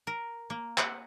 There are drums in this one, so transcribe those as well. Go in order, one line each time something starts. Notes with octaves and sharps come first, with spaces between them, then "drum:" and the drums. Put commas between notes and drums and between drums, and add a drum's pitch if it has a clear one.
A#4
A#3
F#5, drum: clap